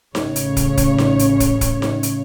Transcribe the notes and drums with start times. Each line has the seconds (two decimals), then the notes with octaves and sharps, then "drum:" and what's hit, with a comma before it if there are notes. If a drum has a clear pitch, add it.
0.15 A1 C#3 C#5, drum: snare D#4
0.36 drum: hi-hat
0.57 drum: kick, hi-hat
0.77 drum: kick, hi-hat
0.98 drum: snare D#4
1.19 drum: hi-hat
1.40 drum: kick, hi-hat
1.61 drum: kick, hi-hat
1.82 drum: snare D#4
2.03 drum: hi-hat